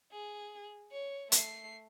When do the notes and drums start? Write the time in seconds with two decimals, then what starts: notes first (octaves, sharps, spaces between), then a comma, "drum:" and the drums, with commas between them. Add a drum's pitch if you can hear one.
0.12 G#4
0.92 C#5
1.32 A3 C7, drum: hi-hat